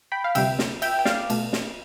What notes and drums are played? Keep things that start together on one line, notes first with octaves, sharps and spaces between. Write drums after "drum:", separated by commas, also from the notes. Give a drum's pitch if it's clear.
G5 B5
F5
D2 C3 G3 E5 G5, drum: cymbal
drum: snare
E5 G5, drum: cymbal
G5
D5 F5, drum: snare
B2 A3, drum: cymbal
drum: snare